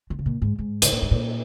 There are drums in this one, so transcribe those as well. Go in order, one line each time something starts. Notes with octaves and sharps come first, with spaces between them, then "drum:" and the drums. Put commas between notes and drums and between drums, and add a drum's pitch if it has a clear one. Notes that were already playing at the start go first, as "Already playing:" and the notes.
D#3
C#3
A#2
G#2
G#2
C#3, drum: hi-hat
A#2
G#2
A#2